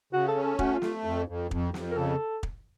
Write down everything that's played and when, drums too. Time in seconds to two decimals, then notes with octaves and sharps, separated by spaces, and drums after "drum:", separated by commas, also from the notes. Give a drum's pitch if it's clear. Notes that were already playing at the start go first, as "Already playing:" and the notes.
0.13 C#3 F#4
0.28 A4
0.36 C#4
0.43 A4
0.59 A3 F#4, drum: kick
0.74 F4
0.82 A3, drum: snare
1.04 F2
1.28 F2
1.51 F2, drum: kick
1.74 F2, drum: snare
1.91 A#4
1.97 C#3 A4
2.43 drum: kick